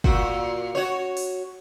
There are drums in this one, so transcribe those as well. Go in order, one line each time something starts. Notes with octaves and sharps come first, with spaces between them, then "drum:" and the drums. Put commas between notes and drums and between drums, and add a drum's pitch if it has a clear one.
A#2 F#4, drum: kick
F#4 C#5
drum: open hi-hat